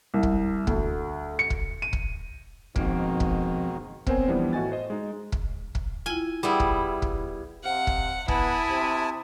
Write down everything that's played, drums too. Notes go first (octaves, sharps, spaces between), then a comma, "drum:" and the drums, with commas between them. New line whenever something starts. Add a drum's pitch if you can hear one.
C2
drum: kick
D2, drum: kick
C#7
drum: kick
D#7
drum: kick
F2 G#2 B2 D#3 A#3, drum: kick
drum: kick
B3 C4 A#4 C5 C#5 G#5, drum: kick
E3 F3 G3 B3 D4
A2 F#4 D#5 G#5 A6
C5 D#5
G#3 D#4
drum: kick
drum: kick
E4 F4 G#5
G3 B3 E4 G#4 D#6 E6
drum: kick
drum: kick
C3 F5 F#5
drum: kick
B3 E4 G#5 A5 D#6, drum: kick
C3